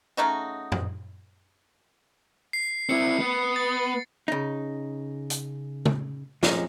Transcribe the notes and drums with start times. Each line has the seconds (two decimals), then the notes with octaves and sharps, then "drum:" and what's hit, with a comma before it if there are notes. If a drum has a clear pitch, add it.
0.17 C#3 A3 D#4 F#4
0.72 drum: tom F#2
2.53 C7
2.89 C4 E4 C#7
3.20 B3
3.56 A6
4.28 C#3 D#4
5.30 drum: hi-hat
5.85 drum: tom C#3
6.43 F2 C3 F3 G#3 C#4 D#4, drum: snare